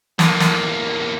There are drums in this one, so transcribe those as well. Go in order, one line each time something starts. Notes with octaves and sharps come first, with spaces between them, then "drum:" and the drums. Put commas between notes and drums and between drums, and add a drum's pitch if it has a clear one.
E2 A#3, drum: snare
drum: snare